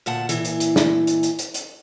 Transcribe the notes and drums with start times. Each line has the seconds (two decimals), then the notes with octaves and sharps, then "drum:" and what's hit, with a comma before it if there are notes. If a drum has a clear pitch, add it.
0.06 D2 A#2 F#5 A5
0.29 A#2 E3, drum: hi-hat
0.45 drum: hi-hat
0.60 drum: hi-hat
0.76 drum: snare
1.07 drum: hi-hat
1.23 drum: hi-hat
1.39 drum: hi-hat
1.54 drum: hi-hat